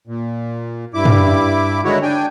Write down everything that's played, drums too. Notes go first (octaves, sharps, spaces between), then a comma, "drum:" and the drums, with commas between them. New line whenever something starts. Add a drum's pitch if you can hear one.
A#2
G2 E4 D6
drum: tom
D3 D#3 G#3 E4 F#4 C#5
D4 G5 G#5